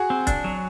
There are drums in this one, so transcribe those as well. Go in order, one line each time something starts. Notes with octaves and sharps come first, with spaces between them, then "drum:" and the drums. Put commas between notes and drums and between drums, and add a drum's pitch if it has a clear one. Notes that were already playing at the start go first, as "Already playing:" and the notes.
Already playing: F#4 G#4
C4
D4, drum: kick, hi-hat
F#3